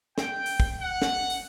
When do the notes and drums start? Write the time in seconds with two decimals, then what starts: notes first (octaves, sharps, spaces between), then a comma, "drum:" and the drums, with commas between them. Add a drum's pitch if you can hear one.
0.18 G5, drum: snare
0.46 drum: open hi-hat
0.60 drum: kick
0.81 F#5
1.02 drum: snare
1.30 drum: open hi-hat